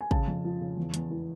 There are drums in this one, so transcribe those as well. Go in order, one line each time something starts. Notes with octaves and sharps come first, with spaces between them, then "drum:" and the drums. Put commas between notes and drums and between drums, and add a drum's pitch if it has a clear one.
G#5
C#3 A5, drum: kick
F2
F3
C#3
E2
E2, drum: hi-hat
E3